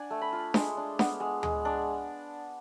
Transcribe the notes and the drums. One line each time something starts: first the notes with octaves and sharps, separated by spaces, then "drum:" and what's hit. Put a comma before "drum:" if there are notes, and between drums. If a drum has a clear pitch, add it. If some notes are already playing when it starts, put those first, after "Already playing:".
Already playing: D4 F#5 G#5
A3
B5
F4
G#3 C6, drum: snare D4
D4
B3, drum: snare D4
G#3
G#3, drum: tom D2
D4